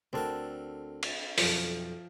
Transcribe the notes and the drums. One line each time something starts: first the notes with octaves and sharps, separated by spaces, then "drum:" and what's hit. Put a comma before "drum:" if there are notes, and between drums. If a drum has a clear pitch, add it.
D2 C4 D4 A4 A#4 F#5
drum: cymbal
B1 F2 F3, drum: open hi-hat